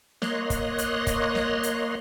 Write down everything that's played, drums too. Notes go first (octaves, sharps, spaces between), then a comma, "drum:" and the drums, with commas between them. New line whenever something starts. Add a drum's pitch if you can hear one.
A#3 C#5 D#5 C6 F#6, drum: snare
drum: kick, hi-hat
drum: hi-hat
drum: kick, hi-hat
drum: snare
drum: hi-hat